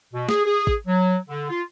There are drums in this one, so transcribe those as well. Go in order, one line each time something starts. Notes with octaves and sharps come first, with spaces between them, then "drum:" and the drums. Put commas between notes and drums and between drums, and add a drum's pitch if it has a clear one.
B2
G#4, drum: snare
G#4
drum: kick
F#3
D3
F4